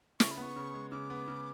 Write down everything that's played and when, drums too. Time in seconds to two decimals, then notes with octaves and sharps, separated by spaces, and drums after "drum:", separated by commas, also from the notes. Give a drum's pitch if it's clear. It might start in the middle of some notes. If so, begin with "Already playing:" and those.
0.20 C#3 C#6, drum: snare
0.31 B5
0.37 B3 C#6
0.56 C#3
0.74 G#3
0.91 C#3 D6
1.10 B3
1.28 C#3